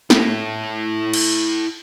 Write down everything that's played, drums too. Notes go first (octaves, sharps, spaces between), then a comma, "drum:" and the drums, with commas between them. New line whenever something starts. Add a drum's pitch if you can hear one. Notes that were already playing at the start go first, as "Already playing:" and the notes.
E4 A4, drum: snare
drum: cymbal